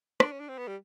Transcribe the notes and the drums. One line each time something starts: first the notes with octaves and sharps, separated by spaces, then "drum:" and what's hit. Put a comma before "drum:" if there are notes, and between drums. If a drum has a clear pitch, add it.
D4, drum: rim click
C#4
D4
C4
B3
G3